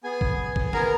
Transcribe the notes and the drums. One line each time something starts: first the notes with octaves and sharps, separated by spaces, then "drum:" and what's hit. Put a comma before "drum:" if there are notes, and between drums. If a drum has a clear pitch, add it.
B3 G#4 G#5
drum: kick
B3
drum: kick
B3 A#4 A#5, drum: snare